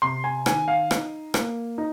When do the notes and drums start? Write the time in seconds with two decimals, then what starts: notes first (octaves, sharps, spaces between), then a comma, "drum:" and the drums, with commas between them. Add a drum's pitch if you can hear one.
0.02 C3 C6
0.24 G#5
0.46 D#3 G#5, drum: rim click
0.68 F5
0.91 D#4, drum: rim click
1.34 A#3, drum: rim click
1.78 D#4